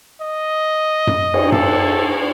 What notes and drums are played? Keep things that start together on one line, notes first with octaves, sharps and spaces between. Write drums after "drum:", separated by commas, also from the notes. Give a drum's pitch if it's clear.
D#5
drum: tom F#2
drum: cymbal
A4, drum: tom F#2